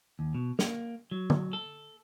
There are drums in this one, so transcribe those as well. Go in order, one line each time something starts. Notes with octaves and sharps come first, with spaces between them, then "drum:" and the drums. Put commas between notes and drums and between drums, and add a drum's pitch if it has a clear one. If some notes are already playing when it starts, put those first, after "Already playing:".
D#2
B2
A#3, drum: snare
F#3
drum: tom
A4